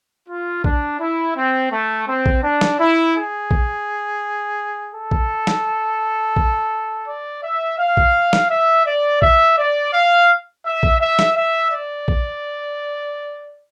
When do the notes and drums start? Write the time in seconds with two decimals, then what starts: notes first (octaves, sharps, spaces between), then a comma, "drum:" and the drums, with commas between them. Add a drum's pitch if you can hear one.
0.29 F4
0.64 D4, drum: kick
1.00 E4
1.36 C4
1.72 A3
2.08 C4
2.26 drum: kick
2.43 D4
2.61 drum: snare
2.80 E4
3.15 G#4
3.51 drum: kick
4.94 A4
5.11 drum: kick
5.47 drum: snare
6.36 drum: kick
7.08 D5
7.43 E5
7.79 F5
7.97 drum: kick
8.33 drum: snare
8.51 E5
8.86 D5
9.22 E5, drum: kick
9.58 D5
9.94 F5
10.66 E5
10.83 drum: kick
11.01 E5
11.19 drum: snare
11.37 E5
11.72 D5
12.08 drum: kick